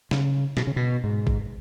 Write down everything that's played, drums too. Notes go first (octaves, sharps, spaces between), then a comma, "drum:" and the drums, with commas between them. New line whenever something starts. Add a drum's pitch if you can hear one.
C#3, drum: snare
B2, drum: snare
C#3
B2
G#2
drum: kick G#1